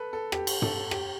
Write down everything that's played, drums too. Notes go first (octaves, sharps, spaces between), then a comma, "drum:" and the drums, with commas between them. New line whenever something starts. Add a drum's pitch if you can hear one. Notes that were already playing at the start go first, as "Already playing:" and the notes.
Already playing: A4 B4
A4
G4, drum: rim click
drum: cymbal
A4, drum: tom
G4, drum: rim click